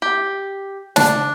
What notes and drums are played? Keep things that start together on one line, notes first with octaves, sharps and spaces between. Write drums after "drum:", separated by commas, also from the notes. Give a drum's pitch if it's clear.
G4
D4, drum: snare